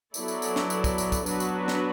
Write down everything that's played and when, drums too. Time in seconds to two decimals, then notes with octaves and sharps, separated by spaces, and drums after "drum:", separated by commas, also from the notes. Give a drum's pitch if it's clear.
0.14 F#3 B3 E4 A4 D5, drum: tambourine
0.28 drum: tambourine
0.42 drum: tambourine
0.56 drum: snare
0.70 drum: tambourine
0.84 drum: kick, tambourine
0.98 drum: tambourine
1.12 drum: kick, tambourine
1.26 F#3 B3 D4 F#4 B4, drum: tambourine
1.40 drum: tambourine
1.68 drum: snare